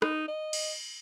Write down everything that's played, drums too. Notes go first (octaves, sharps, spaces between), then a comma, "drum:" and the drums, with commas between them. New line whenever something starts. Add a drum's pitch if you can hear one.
D#4, drum: rim click
D#5
drum: cymbal